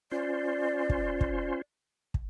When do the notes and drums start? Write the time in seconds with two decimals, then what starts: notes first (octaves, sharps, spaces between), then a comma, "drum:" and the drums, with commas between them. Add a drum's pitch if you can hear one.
0.12 C#4 F4 C5 D5
0.89 drum: kick
1.21 drum: kick
2.14 drum: kick